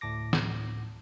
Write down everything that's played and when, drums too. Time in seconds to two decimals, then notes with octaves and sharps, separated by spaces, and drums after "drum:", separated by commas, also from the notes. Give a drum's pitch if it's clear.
0.01 D2 A2 A5 D6 A#6
0.33 drum: snare